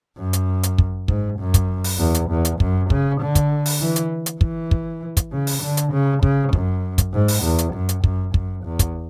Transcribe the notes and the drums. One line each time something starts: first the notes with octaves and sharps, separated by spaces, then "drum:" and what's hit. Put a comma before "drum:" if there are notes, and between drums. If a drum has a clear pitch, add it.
F#2
drum: hi-hat
drum: hi-hat
drum: kick
G#2, drum: kick
F#2
drum: kick, hi-hat
drum: open hi-hat
E2
drum: hi-hat
E2
drum: hi-hat
F#2, drum: kick
C#3, drum: kick
D3
drum: kick, hi-hat
drum: open hi-hat
E3
drum: hi-hat
drum: hi-hat
E3, drum: kick
drum: kick
drum: kick, hi-hat
C#3
drum: open hi-hat
D3
drum: hi-hat
C#3
C#3, drum: kick
F#2, drum: kick
drum: kick, hi-hat
G#2
drum: open hi-hat
E2
drum: hi-hat
F#2
drum: hi-hat
F#2, drum: kick
F#2, drum: kick
E2
drum: kick, hi-hat